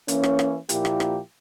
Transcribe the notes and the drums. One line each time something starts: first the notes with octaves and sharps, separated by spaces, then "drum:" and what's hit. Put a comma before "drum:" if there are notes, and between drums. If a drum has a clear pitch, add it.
E3 A#3 C#4, drum: hi-hat
drum: rim click
drum: rim click
A#2 F3 A#3 E4 G4, drum: hi-hat
drum: rim click
drum: rim click